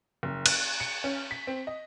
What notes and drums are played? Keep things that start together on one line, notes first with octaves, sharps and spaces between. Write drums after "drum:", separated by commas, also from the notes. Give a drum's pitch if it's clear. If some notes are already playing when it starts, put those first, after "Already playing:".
F#1
F#6, drum: cymbal
C#7
C#4
B6
C4
D#5